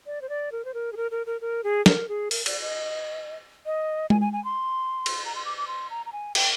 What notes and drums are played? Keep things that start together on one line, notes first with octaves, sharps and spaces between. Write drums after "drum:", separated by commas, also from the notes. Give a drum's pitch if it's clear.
D5
C5
D5
A#4
C5
A#4
G#4
A#4
A#4
A#4
A#4
G#4
A#4, drum: snare
G#4
A#4, drum: open hi-hat
D5, drum: cymbal
D#5
D#5
G#5, drum: tom G#3
G#5
G#5
C6
drum: cymbal
A#5
C6
D6
D6
C6
A#5
A#5
G#5
G5, drum: cymbal